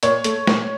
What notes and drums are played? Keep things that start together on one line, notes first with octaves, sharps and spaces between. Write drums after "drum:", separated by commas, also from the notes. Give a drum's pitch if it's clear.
A#2 C#5, drum: hi-hat
A3, drum: hi-hat
A#2, drum: snare